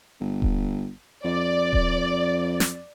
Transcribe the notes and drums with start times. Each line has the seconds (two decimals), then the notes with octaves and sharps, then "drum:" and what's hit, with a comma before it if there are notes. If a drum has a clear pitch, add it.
0.20 G1
0.42 drum: kick D#1
1.25 F2 D5
1.73 drum: kick D#1
2.60 drum: snare